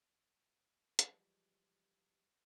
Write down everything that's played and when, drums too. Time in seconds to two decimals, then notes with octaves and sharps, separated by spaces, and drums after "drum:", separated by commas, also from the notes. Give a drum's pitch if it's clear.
0.99 E3 F3 G3 G#3, drum: hi-hat